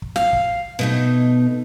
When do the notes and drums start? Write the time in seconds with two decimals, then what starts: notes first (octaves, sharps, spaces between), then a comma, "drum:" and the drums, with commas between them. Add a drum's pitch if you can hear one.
0.02 drum: kick
0.16 F5, drum: snare
0.33 drum: kick
0.79 B2 A3 D#4